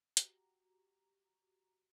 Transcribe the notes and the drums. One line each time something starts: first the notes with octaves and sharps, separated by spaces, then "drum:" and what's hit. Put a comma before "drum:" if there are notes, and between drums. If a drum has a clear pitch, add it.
F#4 G4 A#5, drum: hi-hat